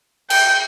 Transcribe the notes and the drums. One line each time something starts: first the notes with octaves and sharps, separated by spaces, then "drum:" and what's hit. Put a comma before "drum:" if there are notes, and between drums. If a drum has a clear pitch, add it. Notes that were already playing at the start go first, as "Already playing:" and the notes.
G5, drum: cymbal